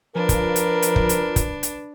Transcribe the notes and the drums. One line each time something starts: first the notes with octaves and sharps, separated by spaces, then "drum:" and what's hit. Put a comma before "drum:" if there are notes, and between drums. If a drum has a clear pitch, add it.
F3 D4 A#4 B4
drum: kick, hi-hat
drum: hi-hat
drum: hi-hat
drum: kick
drum: hi-hat
drum: kick, hi-hat
drum: hi-hat